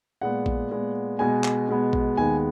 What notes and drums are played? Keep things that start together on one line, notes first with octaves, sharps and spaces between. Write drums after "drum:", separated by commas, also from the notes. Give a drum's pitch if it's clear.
A#2 G#3 B3 F#5
drum: kick A#1
A#2 G#3 B3
B2 G#3 B3 G#5
drum: clap
B2 G#3 B3
drum: kick A#1
D#2 D#3 G#3 B3 G#5